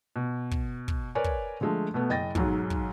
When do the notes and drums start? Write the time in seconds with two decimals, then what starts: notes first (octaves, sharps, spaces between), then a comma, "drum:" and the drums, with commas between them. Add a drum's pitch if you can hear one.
0.16 B2
0.51 drum: kick
0.88 drum: kick
1.15 A#4 B4 C#5 D5 G#5
1.24 drum: kick
1.61 D3 F3 G#3 A3
1.94 B2 A3 B3
2.10 F#1 D#5 G5 A6 A#6
2.35 B1 G#2 F#3, drum: kick
2.70 drum: kick